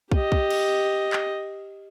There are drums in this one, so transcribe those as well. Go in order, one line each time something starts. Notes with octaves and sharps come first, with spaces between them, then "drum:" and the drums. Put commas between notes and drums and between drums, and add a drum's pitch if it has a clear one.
G4 D#5, drum: kick
drum: kick
drum: cymbal
drum: clap